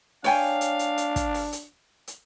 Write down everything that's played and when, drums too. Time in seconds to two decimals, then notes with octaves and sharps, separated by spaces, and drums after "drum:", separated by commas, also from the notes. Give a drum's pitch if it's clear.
0.24 D4 C#5 F5 G5 G#5, drum: open hi-hat
0.61 drum: hi-hat
0.79 drum: hi-hat
0.98 drum: hi-hat
1.16 drum: kick, hi-hat
1.34 drum: open hi-hat
1.53 drum: hi-hat
2.07 drum: hi-hat